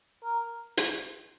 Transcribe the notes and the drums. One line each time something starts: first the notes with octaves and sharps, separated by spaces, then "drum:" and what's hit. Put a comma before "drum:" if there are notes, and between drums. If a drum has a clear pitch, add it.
A#4
drum: hi-hat